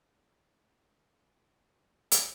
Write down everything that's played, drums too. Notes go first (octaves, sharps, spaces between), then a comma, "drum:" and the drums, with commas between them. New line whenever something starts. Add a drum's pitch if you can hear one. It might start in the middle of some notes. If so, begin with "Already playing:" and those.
B4
B4 D5
B4
F4 A#4
F#4
B4
F#4 A#4
G#4 B4
drum: hi-hat